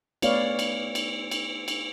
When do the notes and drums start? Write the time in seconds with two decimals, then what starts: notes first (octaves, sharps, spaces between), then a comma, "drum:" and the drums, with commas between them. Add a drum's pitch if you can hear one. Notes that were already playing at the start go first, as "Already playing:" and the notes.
0.22 A3 B3 B4 C#5 D5 F5, drum: cymbal
0.59 drum: cymbal
0.95 drum: cymbal
1.31 drum: cymbal
1.68 drum: cymbal